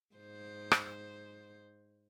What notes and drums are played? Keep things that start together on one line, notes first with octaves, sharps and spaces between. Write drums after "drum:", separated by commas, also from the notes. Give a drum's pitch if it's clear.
G#2 C5
drum: rim click